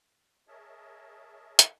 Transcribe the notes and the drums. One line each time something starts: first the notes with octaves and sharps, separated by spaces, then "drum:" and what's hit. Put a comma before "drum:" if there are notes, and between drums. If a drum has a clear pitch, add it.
G#4 A#4 C#5 D#5 E5 A5
drum: hi-hat